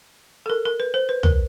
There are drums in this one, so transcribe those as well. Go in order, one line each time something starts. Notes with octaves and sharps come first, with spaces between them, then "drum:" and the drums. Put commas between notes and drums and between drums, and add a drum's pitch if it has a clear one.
A4
A#4
A#4
B4
C5
B4
A#4, drum: tom